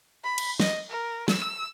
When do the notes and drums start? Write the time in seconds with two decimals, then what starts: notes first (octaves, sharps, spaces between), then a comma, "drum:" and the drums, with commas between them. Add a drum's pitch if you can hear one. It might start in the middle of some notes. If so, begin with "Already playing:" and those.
0.24 B5
0.38 drum: cymbal
0.60 D#5, drum: snare
0.89 A#4
1.28 E6, drum: snare